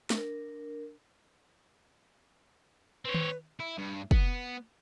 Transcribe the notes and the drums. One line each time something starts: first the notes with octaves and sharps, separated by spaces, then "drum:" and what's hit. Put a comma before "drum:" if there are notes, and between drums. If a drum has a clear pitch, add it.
D4 A#4, drum: snare
C4 B4 C#5
drum: tom D#3
E4
G2
B3, drum: kick